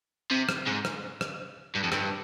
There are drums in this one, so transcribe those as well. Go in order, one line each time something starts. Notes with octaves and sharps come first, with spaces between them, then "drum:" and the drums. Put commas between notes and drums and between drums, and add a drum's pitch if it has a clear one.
C3
drum: rim click
G#2
drum: rim click
drum: rim click
G2
F2
G2, drum: rim click